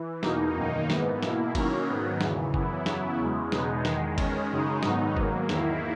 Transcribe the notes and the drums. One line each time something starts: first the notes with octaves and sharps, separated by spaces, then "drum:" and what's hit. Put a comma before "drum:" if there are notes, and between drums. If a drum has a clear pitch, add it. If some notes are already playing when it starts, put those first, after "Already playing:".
Already playing: E3
E2 B2 A#3 D#4, drum: snare
F#2 D#3 A#3 D#4
G#2 E3 B3, drum: snare
B2 A#3 E4, drum: snare
D#3 F#3 A#3 C#4, drum: kick G1, cymbal
G#2 D#3 F#3 B3
E2 C#3 E3, drum: snare
F#2 E3 B3 E4, drum: kick G1
C#3 F#3 B3 E4, drum: snare
E2 C#3 G#3
E2 B2 G#3 B3 D#4, drum: snare
E2 D#3 G#3, drum: snare
D#3 G#3 C#4, drum: kick G1, cymbal
F#2 C#3 G#3 D#4
G#2 D#3 F#3 B3 D#4, drum: snare
G#2 F#3 A#3, drum: kick G1
E2 D#3 A#3 E4, drum: snare